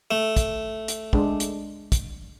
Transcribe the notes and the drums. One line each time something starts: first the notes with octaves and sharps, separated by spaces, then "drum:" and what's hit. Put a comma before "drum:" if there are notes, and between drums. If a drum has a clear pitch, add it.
A3
drum: kick, hi-hat
drum: hi-hat
G#3 D4, drum: kick
drum: hi-hat
drum: kick, hi-hat